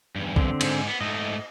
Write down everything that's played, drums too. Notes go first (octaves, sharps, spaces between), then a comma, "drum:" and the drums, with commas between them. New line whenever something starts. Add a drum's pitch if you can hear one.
E2 G2
D3 C4, drum: kick B1
D#2 G#2, drum: cymbal
B3
G#2 A3 D#5